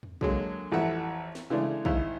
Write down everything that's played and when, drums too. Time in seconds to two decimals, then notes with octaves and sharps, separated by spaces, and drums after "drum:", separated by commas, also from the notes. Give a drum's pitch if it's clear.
0.03 drum: tom E2
0.21 D3 F#3 G#3 A#3, drum: kick
0.72 A1 F2 A3 E5 F#5
1.35 drum: snare
1.50 C#3 E3 G#3 A3 D4
1.85 G#1 E4 F5, drum: kick